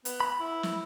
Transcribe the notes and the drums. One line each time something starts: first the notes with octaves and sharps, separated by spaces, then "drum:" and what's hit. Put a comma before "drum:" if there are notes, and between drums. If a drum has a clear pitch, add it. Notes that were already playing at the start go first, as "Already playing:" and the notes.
B3, drum: hi-hat
B5
E4
drum: snare